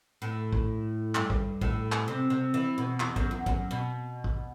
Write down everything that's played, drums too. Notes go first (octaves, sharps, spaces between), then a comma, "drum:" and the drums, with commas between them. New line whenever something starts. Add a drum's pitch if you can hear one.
A2
drum: kick
G2, drum: clap
drum: kick
A2, drum: kick
drum: clap
C3
C3
E3
B2
E2, drum: clap
F#2, drum: kick
E2
F#2, drum: kick
B2
drum: kick